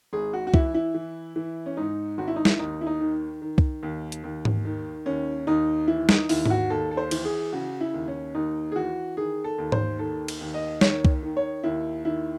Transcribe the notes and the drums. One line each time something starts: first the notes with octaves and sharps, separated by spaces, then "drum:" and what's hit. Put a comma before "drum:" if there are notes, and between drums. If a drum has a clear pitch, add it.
G#1 G#4
F#4
F#4
E3 E4, drum: kick C2
E4
E3
E3
C#4
G#2 D#4
G#1 F#4
E4
D#4
E4, drum: snare
D#2 D#4
E4
D#4
D#3
D#3
drum: kick C2
D#2
drum: hi-hat
D#2
drum: tom G#2
D#3
D#2 C#4
D#2 D#4
E3 E4
D#4, drum: snare
D#2 E4, drum: open hi-hat
E4, drum: tom G#2
F#4
D#2 A4
A4
C5
E3, drum: cymbal
G#4
C#3 F#4
E4
D#2
C#4
D#2 D#4
G#4
E3 F#4
D#3 G#4
A4
D#2
C5, drum: tom G#2
D#3 A4
drum: cymbal
D#2
D#5
D#3 C#5, drum: snare
drum: kick C2
D#3
C#5
D#2 E4
D#3 E4